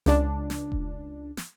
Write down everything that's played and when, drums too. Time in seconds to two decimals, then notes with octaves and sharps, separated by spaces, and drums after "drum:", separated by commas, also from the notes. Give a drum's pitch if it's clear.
0.06 C#2 D4, drum: snare
0.50 drum: snare
0.72 drum: kick E1
1.37 drum: snare